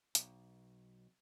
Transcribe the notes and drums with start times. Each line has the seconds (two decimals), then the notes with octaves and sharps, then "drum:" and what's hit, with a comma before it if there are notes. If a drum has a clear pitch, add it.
0.15 B1, drum: hi-hat